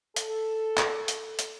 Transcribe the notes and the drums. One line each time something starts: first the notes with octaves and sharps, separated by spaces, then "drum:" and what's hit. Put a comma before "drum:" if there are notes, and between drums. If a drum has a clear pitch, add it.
A4, drum: hi-hat
drum: clap
drum: hi-hat
drum: hi-hat